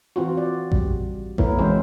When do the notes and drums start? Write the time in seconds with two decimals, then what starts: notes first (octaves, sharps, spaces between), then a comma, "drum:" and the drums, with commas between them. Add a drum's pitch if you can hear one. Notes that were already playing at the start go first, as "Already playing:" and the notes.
0.16 E3 C4 F4 F#4
0.37 D5
0.72 G3, drum: kick A1
1.38 F#3 A3 B3 E4 A#4, drum: kick A1
1.58 E3 G#3 C4 C#4 C5